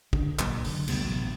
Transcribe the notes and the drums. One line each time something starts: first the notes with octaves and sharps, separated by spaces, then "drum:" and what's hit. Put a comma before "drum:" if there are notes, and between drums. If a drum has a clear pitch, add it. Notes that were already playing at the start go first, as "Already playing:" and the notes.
D3 D4, drum: kick
C2 A#2 F#3, drum: clap
F#1 D3, drum: open hi-hat
D2 C3 G3 B3, drum: cymbal
A1 B2 F#3